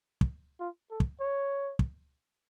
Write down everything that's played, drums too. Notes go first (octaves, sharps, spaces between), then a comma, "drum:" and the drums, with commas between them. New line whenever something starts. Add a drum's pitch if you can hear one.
drum: kick
F4
A4
drum: kick
C#5
drum: kick